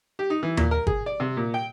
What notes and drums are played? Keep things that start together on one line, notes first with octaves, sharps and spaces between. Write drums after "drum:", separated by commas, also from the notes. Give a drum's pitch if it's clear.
G4
D#4
E3
A#2, drum: tom D#2
A#4
G#4, drum: kick G1
D5
C3
A#2
G5